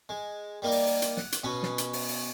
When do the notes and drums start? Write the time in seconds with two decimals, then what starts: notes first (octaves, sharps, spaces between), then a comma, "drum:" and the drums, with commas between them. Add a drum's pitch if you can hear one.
0.09 G#3
0.62 G3 A#3 D#4 A#4 D5
0.72 drum: open hi-hat
0.87 drum: open hi-hat
1.02 drum: hi-hat
1.17 F#5, drum: snare
1.32 drum: hi-hat
1.44 B2 B3 C#4
1.63 drum: snare
1.78 drum: hi-hat
1.93 drum: open hi-hat
2.08 drum: open hi-hat